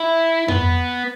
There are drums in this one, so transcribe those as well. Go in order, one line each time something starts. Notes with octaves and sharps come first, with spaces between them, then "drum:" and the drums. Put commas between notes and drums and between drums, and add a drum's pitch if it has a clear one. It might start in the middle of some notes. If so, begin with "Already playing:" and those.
Already playing: E4
B3, drum: tom F2